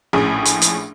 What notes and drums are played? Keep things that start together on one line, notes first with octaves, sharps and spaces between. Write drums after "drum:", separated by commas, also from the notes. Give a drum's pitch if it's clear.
A#1 A2 C#4 G#4
drum: hi-hat
drum: hi-hat